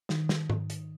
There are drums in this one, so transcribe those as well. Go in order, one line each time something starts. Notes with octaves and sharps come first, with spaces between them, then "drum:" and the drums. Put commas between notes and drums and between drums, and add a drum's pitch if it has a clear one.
D#3, drum: snare
drum: snare
drum: tom G#2
drum: hi-hat